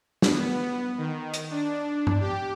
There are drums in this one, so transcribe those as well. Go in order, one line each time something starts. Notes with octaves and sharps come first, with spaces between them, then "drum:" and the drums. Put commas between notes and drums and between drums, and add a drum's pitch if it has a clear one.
B3, drum: snare
D#3
drum: hi-hat
D4
drum: tom G2
G4